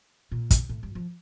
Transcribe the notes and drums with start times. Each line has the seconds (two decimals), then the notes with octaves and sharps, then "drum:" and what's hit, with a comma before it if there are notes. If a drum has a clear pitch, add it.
0.32 A#2
0.51 drum: kick, hi-hat
0.69 A2
0.83 G2
0.95 F3